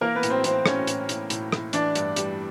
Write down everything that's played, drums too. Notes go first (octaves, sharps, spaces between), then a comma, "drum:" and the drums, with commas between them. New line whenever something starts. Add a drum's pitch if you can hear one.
E3 A#3 A#4
B3 B4
A2, drum: hi-hat
C4 C5
E3 C4 C5, drum: hi-hat
A2 C#4 C#5, drum: rim click
A2, drum: hi-hat
A2, drum: hi-hat
A2, drum: hi-hat
A2, drum: rim click
E3 D4 D5, drum: hi-hat
G2, drum: hi-hat
G3, drum: hi-hat